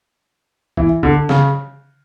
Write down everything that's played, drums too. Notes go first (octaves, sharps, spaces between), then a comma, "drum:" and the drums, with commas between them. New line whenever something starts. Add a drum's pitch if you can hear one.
E3, drum: kick
D3, drum: kick
C#3, drum: snare